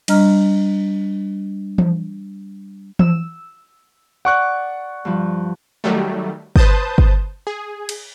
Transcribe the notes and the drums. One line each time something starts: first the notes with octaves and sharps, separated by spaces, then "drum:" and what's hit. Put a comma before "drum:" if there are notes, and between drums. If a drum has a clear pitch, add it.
G3 D4 D#5 A#5 F6, drum: cymbal
drum: tom E3
E6, drum: tom E3
D5 F#5 C#6 F#6
G2 F3
D#3 F#3 G3 A3
B4 C5 A5 D#6 G6, drum: kick
drum: kick
G#4
drum: cymbal